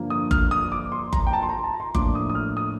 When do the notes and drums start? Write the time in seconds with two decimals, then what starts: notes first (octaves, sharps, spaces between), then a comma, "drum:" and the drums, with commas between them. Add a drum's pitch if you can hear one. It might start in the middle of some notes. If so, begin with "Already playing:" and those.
Already playing: G2 D3 F3 A#3 D4
0.10 D#6
0.31 F6, drum: kick F#1
0.51 D#6
0.72 D6
0.92 C6
1.13 A#5, drum: kick F#1
1.27 G5
1.33 A5
1.42 C6
1.49 A#5
1.64 A5
1.74 A#5
1.80 C6
1.95 A2 F3 A#3 D4 D6, drum: kick F#1
2.15 D#6
2.30 D#6
2.35 F6
2.57 D#6